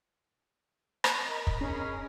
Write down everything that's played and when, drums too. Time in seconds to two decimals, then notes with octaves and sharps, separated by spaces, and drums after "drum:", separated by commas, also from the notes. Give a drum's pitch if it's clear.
1.04 drum: rim click
1.25 A#4 D#5 A#5 B5
1.47 drum: kick
1.61 C#4 G#4 A#4